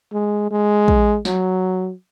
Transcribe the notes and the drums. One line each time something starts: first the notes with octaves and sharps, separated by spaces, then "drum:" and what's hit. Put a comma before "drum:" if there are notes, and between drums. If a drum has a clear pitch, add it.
G#3
G#3
drum: kick
F#3, drum: snare